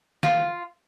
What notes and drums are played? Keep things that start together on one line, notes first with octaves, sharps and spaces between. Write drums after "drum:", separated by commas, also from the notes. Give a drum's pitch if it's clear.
F4, drum: snare